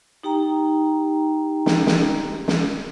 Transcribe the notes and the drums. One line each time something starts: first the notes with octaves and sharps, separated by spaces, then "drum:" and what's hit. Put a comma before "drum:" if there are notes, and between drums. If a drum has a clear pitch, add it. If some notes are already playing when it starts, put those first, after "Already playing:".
D#4 G4 G5 A#5
drum: snare
drum: snare
drum: snare